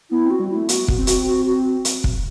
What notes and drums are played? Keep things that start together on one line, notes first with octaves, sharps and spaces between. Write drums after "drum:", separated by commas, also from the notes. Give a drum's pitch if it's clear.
B3 E4
C4
F#4
G3
E4
A3
B3 F#4, drum: hi-hat
drum: kick
C4
F#4, drum: hi-hat
F#4
F#4
drum: hi-hat
drum: kick